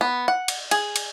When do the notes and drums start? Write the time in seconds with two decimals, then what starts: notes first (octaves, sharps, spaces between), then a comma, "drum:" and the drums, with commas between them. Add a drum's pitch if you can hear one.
0.01 B3
0.28 F#5
0.48 drum: cymbal
0.71 G#4, drum: cymbal
0.96 drum: cymbal